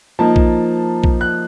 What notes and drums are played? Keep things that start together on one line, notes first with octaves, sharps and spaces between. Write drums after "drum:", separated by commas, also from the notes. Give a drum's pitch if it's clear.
F3 A#3 D#4 A5
drum: kick A#1
drum: kick A#1
F#6